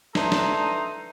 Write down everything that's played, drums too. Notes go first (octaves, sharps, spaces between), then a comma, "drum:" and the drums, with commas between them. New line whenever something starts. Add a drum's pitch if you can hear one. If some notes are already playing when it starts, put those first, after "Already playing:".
E3 D4 D#4 A4 A#5 C6, drum: snare
drum: snare